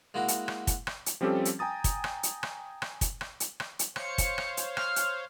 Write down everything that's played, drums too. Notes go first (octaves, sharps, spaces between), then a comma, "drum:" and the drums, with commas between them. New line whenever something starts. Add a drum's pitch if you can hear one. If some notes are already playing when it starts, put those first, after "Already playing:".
G#3 A#3 E4 F#4 A#4
drum: hi-hat
drum: rim click
drum: kick, hi-hat
drum: rim click
drum: hi-hat
F3 G3 C4 C#4 G4 A4
drum: hi-hat
G5 G#5 A#5 D#6 A6
drum: kick, hi-hat
drum: rim click
drum: hi-hat
drum: rim click
drum: rim click
drum: kick, hi-hat
drum: rim click
drum: hi-hat
drum: rim click
drum: hi-hat
C5 C#5 F5 C#7, drum: rim click
drum: kick, hi-hat
drum: rim click
drum: hi-hat
F6, drum: rim click
drum: hi-hat